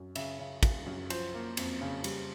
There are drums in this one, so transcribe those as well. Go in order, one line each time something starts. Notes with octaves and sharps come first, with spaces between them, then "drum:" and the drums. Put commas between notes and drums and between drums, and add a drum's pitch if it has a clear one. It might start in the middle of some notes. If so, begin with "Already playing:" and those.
Already playing: F#2
C#3 E5, drum: cymbal
C#3
C#3, drum: kick, cymbal
F#2
F3 C5, drum: cymbal
A#3
F2, drum: cymbal
C#3
G3, drum: cymbal